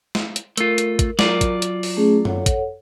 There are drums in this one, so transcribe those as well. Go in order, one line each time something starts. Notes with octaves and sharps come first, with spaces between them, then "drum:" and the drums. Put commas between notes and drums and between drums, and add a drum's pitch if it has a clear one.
drum: snare
drum: hi-hat
A3 F4 A#4, drum: hi-hat
drum: hi-hat
drum: kick, hi-hat
F#3 F4 D5, drum: snare
drum: kick, hi-hat
drum: hi-hat
drum: open hi-hat
A3 C#4 G#4
A4 C#5 F#5, drum: tom F#2
drum: kick, hi-hat